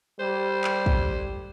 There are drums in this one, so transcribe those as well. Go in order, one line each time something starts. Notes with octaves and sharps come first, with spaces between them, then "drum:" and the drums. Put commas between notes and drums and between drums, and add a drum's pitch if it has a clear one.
G3 C5
drum: clap
drum: kick